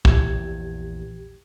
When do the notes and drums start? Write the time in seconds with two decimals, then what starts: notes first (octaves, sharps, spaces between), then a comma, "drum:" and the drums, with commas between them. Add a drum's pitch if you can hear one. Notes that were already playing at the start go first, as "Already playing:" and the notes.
0.05 A#1 E2 G4 G#6, drum: kick